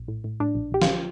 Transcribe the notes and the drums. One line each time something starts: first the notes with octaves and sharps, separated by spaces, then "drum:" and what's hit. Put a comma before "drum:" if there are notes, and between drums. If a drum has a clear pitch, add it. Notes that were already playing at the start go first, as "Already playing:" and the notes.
Already playing: A#1
A2
A2
A2 D4
A#1
A#1 G4
F4, drum: snare
F3